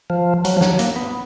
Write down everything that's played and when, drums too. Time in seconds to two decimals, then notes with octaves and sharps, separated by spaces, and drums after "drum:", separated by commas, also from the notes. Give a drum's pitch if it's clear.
0.10 F3
0.45 F#3, drum: hi-hat
0.57 F3
0.61 F#3, drum: snare
0.79 A#3, drum: hi-hat
0.96 B3